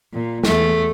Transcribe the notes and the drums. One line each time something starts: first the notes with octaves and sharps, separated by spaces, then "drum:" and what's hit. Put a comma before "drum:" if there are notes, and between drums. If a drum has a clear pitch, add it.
A#2
E2 A3, drum: snare